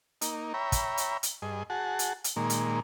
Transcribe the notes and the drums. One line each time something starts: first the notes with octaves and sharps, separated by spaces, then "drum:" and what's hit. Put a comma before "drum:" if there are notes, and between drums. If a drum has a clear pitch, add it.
A#3 D#4, drum: hi-hat
C#5 E5 G5 A#5 B5
drum: kick, hi-hat
drum: hi-hat
drum: hi-hat
G2 G#4 D#5
F#4 G#4 F#5 A5
drum: hi-hat
drum: hi-hat
A#2 D#3 G#3 A#3
drum: hi-hat